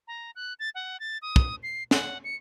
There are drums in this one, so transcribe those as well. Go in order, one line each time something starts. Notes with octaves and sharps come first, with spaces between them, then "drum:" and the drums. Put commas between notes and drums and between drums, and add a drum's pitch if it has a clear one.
A#5
F#6
A6
F#5
A6
D#6
drum: kick
C7
F#5, drum: snare
C#7